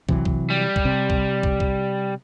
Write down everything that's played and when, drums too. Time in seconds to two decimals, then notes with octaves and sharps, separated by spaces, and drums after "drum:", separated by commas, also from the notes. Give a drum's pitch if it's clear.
0.09 C3 E3 F#3, drum: kick
0.25 drum: kick
0.50 G3
0.76 drum: kick
0.85 C3
1.10 drum: kick
1.43 drum: kick
1.60 drum: kick